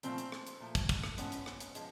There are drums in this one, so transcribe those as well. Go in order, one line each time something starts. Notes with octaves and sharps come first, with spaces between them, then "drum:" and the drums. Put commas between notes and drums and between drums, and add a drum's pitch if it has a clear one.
A#2 F3 A3 C4, drum: hi-hat
drum: hi-hat
drum: rim click
drum: hi-hat
A#2 F3 A3
drum: kick, hi-hat
drum: kick, hi-hat
drum: rim click
A2 F3 G#3 B3 C#4, drum: hi-hat
drum: hi-hat
drum: rim click
drum: hi-hat
F3 G#3, drum: hi-hat